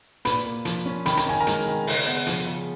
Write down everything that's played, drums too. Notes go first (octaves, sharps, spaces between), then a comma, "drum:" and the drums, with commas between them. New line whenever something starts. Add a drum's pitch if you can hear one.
A#2 B4 B5, drum: hi-hat
A#3
F3, drum: hi-hat
C#4
D#3 B5, drum: hi-hat
A#5, drum: hi-hat
C#4 G#5
A#4 A#5
G#3, drum: hi-hat
D#3
C#3, drum: open hi-hat
B3
F3, drum: hi-hat
C#3